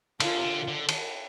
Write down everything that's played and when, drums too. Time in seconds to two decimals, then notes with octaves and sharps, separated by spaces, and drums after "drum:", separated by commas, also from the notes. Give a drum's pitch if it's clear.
0.20 D3 F4, drum: cymbal
0.37 C3
0.44 D3
0.68 D3
0.89 drum: cymbal